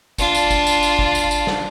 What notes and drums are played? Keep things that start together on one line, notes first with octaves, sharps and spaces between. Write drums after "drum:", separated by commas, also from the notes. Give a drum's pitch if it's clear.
D4 F4, drum: kick G1, tambourine
drum: tambourine
drum: kick G1, tambourine
drum: tambourine
drum: tambourine
drum: kick G1
drum: tambourine
drum: tambourine
drum: snare